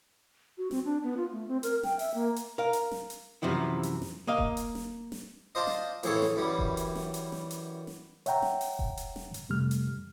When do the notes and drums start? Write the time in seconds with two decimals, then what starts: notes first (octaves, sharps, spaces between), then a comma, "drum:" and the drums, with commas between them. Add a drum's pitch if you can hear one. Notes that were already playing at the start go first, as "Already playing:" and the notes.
0.58 F#4
0.71 C4, drum: snare
0.85 D4
1.03 B3
1.17 F4
1.31 A3
1.48 C4
1.63 A#4, drum: hi-hat
1.83 G5, drum: snare
1.99 E5, drum: open hi-hat
2.14 A#3
2.36 drum: hi-hat
2.58 A#4 F5
2.73 drum: hi-hat
2.91 drum: snare
3.10 drum: hi-hat
3.42 F#2 C3 E3 F3 E4
3.83 drum: hi-hat
4.02 drum: snare
4.27 A#3 D#5 F5
4.38 drum: kick E1
4.57 drum: hi-hat
4.75 drum: snare
5.12 drum: snare
5.55 D4 F4 C5 D#5
5.67 drum: snare
6.03 F2 A2 E3 G#4 A4 C#5, drum: hi-hat
6.22 drum: snare
6.36 F#2 E3 G3
6.59 drum: kick E1
6.77 drum: hi-hat
6.95 drum: snare
7.14 drum: hi-hat
7.32 drum: snare
7.51 drum: hi-hat
7.87 drum: snare
8.26 C#5 E5 F#5 G5 A#5, drum: hi-hat
8.42 drum: snare
8.61 drum: open hi-hat
8.79 drum: kick E1
8.97 drum: hi-hat
9.16 drum: snare
9.34 drum: hi-hat
9.49 F2 C3 G3 A3 F6
9.71 drum: hi-hat